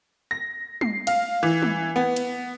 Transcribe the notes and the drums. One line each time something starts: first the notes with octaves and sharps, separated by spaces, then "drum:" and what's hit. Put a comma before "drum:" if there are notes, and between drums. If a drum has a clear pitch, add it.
A#6
C7, drum: tom G3
F5, drum: cymbal
E3
drum: tom G3
B3
drum: cymbal